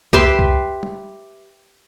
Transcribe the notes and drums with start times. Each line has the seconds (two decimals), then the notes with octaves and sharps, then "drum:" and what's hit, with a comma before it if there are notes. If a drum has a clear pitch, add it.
0.13 G4 B4 E5 C6, drum: kick C2
0.39 drum: kick C2
0.83 drum: tom